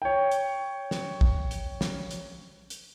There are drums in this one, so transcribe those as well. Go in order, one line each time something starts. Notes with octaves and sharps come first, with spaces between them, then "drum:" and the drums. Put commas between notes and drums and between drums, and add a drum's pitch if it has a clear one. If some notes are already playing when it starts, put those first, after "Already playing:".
C#5 G5
drum: hi-hat
drum: snare
drum: kick
drum: hi-hat
drum: snare
drum: hi-hat
drum: hi-hat